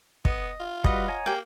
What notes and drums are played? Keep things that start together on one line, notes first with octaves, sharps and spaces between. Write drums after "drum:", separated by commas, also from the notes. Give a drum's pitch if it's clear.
B3 D#5, drum: kick
F4
G3 F#4 B4 D#5 F#5, drum: kick
C#5 G#5 A#5
A#3 G4 G5